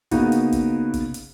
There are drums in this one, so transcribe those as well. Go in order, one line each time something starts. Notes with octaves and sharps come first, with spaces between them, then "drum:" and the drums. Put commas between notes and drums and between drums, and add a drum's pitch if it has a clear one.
C#3 A#3 B3 D#4 F#4, drum: kick, hi-hat
drum: hi-hat
drum: kick, hi-hat
drum: kick, hi-hat
drum: hi-hat